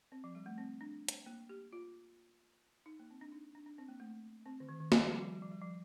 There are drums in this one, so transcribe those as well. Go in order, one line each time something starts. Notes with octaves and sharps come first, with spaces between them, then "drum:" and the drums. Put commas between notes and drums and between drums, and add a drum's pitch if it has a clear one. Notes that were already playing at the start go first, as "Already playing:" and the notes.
C4
F3
G3
A3
C4
D4
drum: hi-hat
A#3
G4
F4
D#4
A#3
C4
D4
D#4
D4
D4
C4
A#3
A3
C4
D3
D#3
D#3
G3, drum: snare
F3
G3
F3
G3
F3
G3
F3